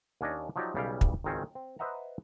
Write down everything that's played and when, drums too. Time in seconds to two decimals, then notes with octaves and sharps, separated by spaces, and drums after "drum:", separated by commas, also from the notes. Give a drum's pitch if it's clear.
0.21 D#2 C#4 D4 D5 D#5
0.56 F3 F#3 D#4 G4 D5
0.75 B1 C#3 G3 E5 F5 G5
1.01 drum: kick
1.24 G#1 C#2 D#3 C4 C#4
1.55 C4
1.79 B4 C5 D#5 E5 F#5 A#5